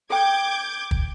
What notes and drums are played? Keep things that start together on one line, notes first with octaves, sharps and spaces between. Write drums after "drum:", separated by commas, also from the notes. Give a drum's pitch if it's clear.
A4 G5 D6 G6 G#6
drum: kick